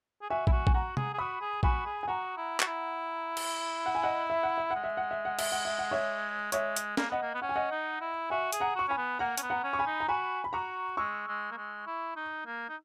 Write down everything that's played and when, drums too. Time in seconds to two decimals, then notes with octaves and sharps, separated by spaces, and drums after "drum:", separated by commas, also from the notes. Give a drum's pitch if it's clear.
0.22 G#4
0.30 F#4 E5 G#5
0.47 E4, drum: kick
0.52 F#4
0.67 G#5, drum: kick
0.74 F#4 F#5 A#5
0.97 G#4, drum: tom C3
1.14 G#4
1.18 F#4 B5 D#6
1.41 G#4
1.63 F#4 G#5 B5, drum: kick
1.86 G#4
2.03 G#5
2.07 F#4 F#5 A#5
2.37 E4
2.60 F#4, drum: clap
2.67 E4
3.37 drum: cymbal
3.86 F#5
3.95 G#5
4.03 D#5 F#5
4.30 E5
4.43 F#5
4.58 E5
4.71 G#3 F#5
4.84 E5
4.97 F#5
5.11 E5
5.25 F#5
5.39 E5, drum: cymbal
5.52 F#5
5.65 E5
5.79 F#5
5.91 C#5 E5
6.52 G#3 C#5 E5, drum: hi-hat
6.76 drum: hi-hat
6.97 A#3, drum: snare
7.10 B3 D#5 F#5
7.23 A#3
7.34 B3
7.42 C#4 F#5
7.49 G#5
7.56 D#5 F#5
7.71 D#4
8.01 E4
8.30 F#4 E5 G#5
8.53 G#4, drum: hi-hat
8.60 F#5 A#5
8.76 F#4 C#6
8.88 C#4 G#5 B5
8.97 B3
9.19 A#3 F#5 A#5
9.37 C#4, drum: hi-hat
9.42 B3
9.50 F#5 A#5
9.64 C#4
9.73 C#6
9.79 G#5 B5
9.87 D#4
10.00 A#5
10.08 F#4 G#5 B5
10.44 B5
10.53 F#4 A#5 C#6
10.97 G#3 C#6 E6
11.28 G#3
11.52 A#3
11.57 G#3
11.87 E4
12.16 D#4
12.46 A#3
12.69 D#4